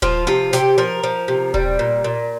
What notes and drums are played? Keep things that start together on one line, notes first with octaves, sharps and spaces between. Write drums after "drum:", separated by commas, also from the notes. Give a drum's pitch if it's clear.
F3 F4, drum: kick D#1
C3 F4
C3 G4, drum: snare
F3 A#4
F3
C3
G3, drum: kick D#1
A#2
A#2